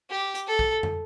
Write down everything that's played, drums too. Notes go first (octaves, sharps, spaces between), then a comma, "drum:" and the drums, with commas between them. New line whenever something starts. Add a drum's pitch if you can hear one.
G4
drum: hi-hat
A4
drum: kick
drum: tom